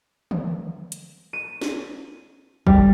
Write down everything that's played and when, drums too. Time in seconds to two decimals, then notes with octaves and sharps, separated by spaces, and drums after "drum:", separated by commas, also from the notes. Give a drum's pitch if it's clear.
0.31 drum: tom D3
0.92 drum: hi-hat
1.33 D#7
1.61 drum: snare
2.67 G3, drum: kick